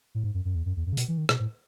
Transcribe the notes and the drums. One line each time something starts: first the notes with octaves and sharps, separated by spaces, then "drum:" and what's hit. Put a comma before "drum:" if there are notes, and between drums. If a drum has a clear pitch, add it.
A2
G#2
F#2
F#2
E2
F#2
E2
F#2
C#3
B2, drum: hi-hat
E3
D#3
B2, drum: rim click
A2